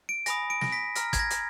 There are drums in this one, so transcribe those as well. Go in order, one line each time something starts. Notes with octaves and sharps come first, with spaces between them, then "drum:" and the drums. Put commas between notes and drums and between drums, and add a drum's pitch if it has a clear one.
D7
G#5 B5 D#6 A#6, drum: hi-hat
D7
A#6, drum: snare
B6
A#5 F6 A#6, drum: hi-hat
G#6, drum: kick, hi-hat
A#6
drum: hi-hat